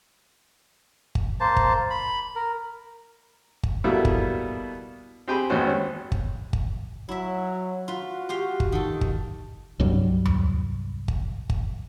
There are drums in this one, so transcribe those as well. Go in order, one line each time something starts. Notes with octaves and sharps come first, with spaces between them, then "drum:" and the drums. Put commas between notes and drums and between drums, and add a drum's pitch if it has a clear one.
drum: kick G1
A#3 C5 A5
drum: kick G1
B5
A#4
drum: kick G1
B2 G3 A#3 B3 E4 A4
drum: kick G1
C4 G4 G#4 G5 G#5 B5
G#1 D#2 B3 C#4 F#4 C5
drum: kick G1
drum: kick G1
F#3 E4 E5
F4 F#4 B4
F4 G4 F5
drum: kick G1
D#3 A4
drum: kick G1
C2 G2 F#3 G3
drum: tom D#2
drum: kick G1
drum: kick G1